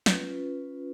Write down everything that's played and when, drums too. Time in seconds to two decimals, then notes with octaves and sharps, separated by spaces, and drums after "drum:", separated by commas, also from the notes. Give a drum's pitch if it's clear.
0.06 C#4 F4 B4, drum: snare